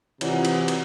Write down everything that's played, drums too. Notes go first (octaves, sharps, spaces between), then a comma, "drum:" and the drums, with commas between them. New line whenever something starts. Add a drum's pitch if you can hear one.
C3 E3 F4 F#4 C#5 D5 F#5 A#5, drum: cymbal
drum: cymbal
drum: cymbal